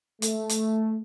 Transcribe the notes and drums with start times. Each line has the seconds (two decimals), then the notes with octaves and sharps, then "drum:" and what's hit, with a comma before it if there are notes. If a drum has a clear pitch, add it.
0.22 A3, drum: hi-hat
0.49 drum: hi-hat